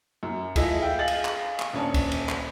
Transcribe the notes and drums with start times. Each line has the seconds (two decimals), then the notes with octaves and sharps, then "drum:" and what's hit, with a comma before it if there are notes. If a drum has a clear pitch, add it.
0.23 F#2
0.56 A3 E4 F4 G#4 D#5 E5, drum: kick C#2, cymbal
0.82 E5 F5 G5
0.99 G#4 D#5 F5 A6 F#7
1.08 drum: cymbal
1.25 drum: clap
1.60 drum: clap
1.73 D#1 C#4 D4
1.94 drum: kick C#2, cymbal
2.12 drum: cymbal
2.29 drum: clap